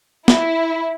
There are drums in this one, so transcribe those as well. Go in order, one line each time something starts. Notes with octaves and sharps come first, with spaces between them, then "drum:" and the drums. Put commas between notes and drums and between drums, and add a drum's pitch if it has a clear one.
E4, drum: snare